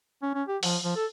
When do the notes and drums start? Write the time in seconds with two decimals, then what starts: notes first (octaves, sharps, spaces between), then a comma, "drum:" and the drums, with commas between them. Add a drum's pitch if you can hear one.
0.23 C#4
0.34 C#4
0.48 G4
0.63 F3, drum: open hi-hat
0.84 F3
0.96 A4